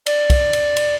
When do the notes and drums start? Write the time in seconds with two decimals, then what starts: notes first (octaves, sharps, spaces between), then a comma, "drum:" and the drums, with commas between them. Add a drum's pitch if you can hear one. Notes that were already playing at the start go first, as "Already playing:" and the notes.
0.06 D5, drum: cymbal
0.30 drum: kick, cymbal
0.53 drum: cymbal
0.76 drum: cymbal